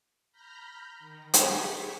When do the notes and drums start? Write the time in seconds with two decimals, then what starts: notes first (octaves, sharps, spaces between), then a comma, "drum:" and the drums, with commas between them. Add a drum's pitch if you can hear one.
0.32 A#5 B5 F6 G6 A#6
0.99 D#3
1.34 G4 G#4 C#6 B6, drum: hi-hat